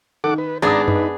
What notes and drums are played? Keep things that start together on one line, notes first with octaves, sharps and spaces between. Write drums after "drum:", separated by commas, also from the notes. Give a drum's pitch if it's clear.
D#3 A4 F#5 D6
B4
G#1 B3 D4 G#4 D5 A5 A#5 D#6
D#4 B4, drum: tom F#2